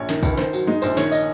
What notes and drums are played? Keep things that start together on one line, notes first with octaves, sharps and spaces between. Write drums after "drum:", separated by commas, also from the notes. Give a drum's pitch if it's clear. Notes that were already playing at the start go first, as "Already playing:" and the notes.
Already playing: A#1 C#5
D#3, drum: snare
C#2, drum: kick, tambourine
D#3 C5, drum: snare
F#3, drum: tambourine
G#3 D#4
A#1 C5, drum: tambourine
D#3 C#5, drum: snare
D#5, drum: tambourine